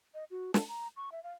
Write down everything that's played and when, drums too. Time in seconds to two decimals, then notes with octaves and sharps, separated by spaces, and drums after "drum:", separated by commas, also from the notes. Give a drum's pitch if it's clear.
0.14 D#5
0.31 F#4
0.54 A5, drum: snare
0.68 A#5
0.97 C#6
1.12 E5
1.23 F5